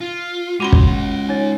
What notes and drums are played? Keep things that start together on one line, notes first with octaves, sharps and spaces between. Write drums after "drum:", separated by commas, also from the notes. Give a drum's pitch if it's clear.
F4
G#3 C#4 F#4 F#5 B5 C6 F7
drum: kick
D#4 C#5 A6